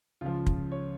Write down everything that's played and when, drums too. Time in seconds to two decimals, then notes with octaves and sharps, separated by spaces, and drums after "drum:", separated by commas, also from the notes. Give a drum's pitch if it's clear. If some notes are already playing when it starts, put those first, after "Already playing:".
0.21 C#2 C#3 F3 F4
0.46 drum: kick
0.72 C#5